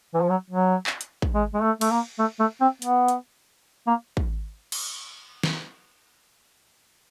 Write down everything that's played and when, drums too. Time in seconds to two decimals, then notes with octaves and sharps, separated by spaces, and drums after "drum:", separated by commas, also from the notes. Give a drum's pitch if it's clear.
0.15 E3
0.21 F3
0.29 F#3
0.50 F#3
0.87 drum: clap
1.01 drum: hi-hat
1.22 drum: kick
1.34 G#3
1.54 G#3
1.62 A3
1.81 A3, drum: cymbal
1.91 A#3
2.19 A3
2.40 A3
2.61 C4
2.82 B3, drum: hi-hat
3.08 drum: hi-hat
3.87 A#3
4.17 drum: kick
4.72 drum: cymbal
5.43 drum: snare